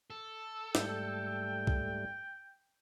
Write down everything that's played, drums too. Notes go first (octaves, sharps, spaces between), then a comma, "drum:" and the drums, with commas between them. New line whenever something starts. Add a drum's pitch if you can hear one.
A4
G#2 G3 A3 G5, drum: snare
drum: kick C2